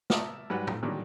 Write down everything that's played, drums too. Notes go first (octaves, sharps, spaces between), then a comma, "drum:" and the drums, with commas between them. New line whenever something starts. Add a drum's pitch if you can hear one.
E5 A5 A#5 D6 D#6 F6, drum: snare
G#2 F#3 G3 B4 F#5 F#6
drum: tom
A#2 D3 D#3 F#3 G3 A#3